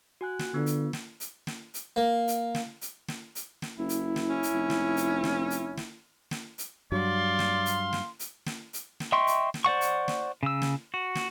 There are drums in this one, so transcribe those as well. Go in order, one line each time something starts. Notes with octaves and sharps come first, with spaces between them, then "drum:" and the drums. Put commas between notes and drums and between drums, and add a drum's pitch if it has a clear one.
F#4 G#5 F#6
drum: snare
D3 B3 F4
drum: hi-hat
drum: snare
drum: hi-hat
drum: snare
drum: hi-hat
A#3
drum: hi-hat
drum: snare
drum: hi-hat
drum: snare
drum: hi-hat
drum: snare
F#1 E4
drum: hi-hat
drum: snare
C#4
drum: hi-hat
F1
drum: snare
drum: hi-hat
drum: snare
drum: hi-hat
drum: snare
drum: snare
drum: hi-hat
G2 F#3 D5 F5 C6
drum: snare
drum: hi-hat
drum: snare
drum: hi-hat
drum: snare
drum: hi-hat
drum: snare
D#5 E5 G5 C6 C#6
drum: hi-hat
drum: snare
C5 D5 F#5 C#6
drum: hi-hat
drum: snare
C#3 E6
drum: snare
F#4
drum: snare